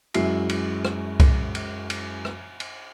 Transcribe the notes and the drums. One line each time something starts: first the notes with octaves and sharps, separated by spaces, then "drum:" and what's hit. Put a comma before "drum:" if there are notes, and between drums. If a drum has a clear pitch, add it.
F#2 G#3 E4 F#4 E5 C7, drum: cymbal
drum: cymbal
drum: rim click
drum: kick C2, cymbal
drum: cymbal
drum: cymbal
drum: rim click
drum: cymbal